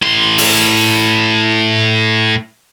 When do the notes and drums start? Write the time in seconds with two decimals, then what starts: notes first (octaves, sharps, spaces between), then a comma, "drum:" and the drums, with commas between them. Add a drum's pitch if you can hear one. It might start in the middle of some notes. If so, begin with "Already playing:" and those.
0.02 A2 C6
0.38 drum: open hi-hat